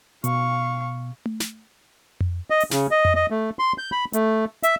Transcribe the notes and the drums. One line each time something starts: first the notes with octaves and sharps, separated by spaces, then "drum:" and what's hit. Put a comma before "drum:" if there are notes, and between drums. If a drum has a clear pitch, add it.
B2 F5 C#6, drum: hi-hat
drum: tom A3
drum: snare
drum: tom F2
D#5
drum: open hi-hat
C#3, drum: snare
D#5
drum: tom F2
D#5
A3
C6
G6
B5
A3, drum: hi-hat
E5, drum: hi-hat